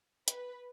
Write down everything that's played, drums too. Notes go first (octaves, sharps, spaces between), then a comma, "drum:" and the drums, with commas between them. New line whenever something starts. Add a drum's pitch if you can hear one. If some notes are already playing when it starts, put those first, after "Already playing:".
B4, drum: hi-hat